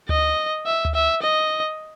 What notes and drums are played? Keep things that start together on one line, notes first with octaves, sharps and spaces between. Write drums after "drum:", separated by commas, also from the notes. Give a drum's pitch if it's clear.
D#5, drum: tom D2
E5
drum: tom D2
E5
D#5